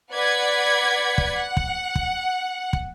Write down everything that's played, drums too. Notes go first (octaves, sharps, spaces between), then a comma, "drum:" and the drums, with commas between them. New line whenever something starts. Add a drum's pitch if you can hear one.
B4 D5 F#5 G#6 B6
drum: kick
F#5
drum: kick
drum: kick
drum: kick